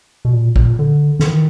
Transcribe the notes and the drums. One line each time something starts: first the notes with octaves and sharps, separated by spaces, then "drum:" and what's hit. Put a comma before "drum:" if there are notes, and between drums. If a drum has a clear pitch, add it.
B2
A#2
A#2, drum: kick
D3
D3, drum: snare
D#3